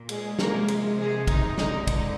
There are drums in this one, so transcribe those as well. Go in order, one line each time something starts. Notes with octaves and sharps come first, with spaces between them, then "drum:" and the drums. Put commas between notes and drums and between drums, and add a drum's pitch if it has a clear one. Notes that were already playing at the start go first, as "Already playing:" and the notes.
Already playing: A#2
G#3 G#4, drum: cymbal
C3 F3 G#3 A#3 A#4, drum: snare
drum: cymbal
G#3 G#4
D#4, drum: kick, cymbal
F2 D3 G#3 D#4, drum: snare
D#4, drum: kick, cymbal